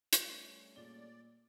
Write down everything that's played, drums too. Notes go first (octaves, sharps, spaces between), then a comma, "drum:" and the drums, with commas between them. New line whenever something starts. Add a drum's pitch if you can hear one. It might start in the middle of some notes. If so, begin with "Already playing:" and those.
drum: hi-hat
G3 A3 C#4
A#2 G#4 D5 G7